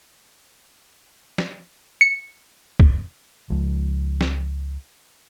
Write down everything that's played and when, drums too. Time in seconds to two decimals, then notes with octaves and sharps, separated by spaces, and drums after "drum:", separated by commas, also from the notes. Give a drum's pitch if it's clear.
1.38 drum: snare
2.01 C#7
2.80 drum: kick
3.50 C#2 F3 G#3
4.21 drum: snare